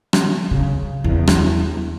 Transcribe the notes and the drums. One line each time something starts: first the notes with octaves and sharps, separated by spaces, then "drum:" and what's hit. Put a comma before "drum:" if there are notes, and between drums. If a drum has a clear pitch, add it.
drum: rim click
C#3
E2
drum: rim click